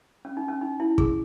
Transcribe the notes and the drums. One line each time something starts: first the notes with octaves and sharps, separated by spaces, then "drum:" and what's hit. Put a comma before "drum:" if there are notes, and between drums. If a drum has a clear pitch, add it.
C#4
D#4
C#4
D#4
E4
G#4, drum: kick